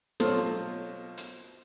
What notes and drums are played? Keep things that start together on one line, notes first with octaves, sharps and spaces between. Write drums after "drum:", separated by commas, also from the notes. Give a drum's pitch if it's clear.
B2 F#3 F4 A4 C5 C#5, drum: snare
drum: hi-hat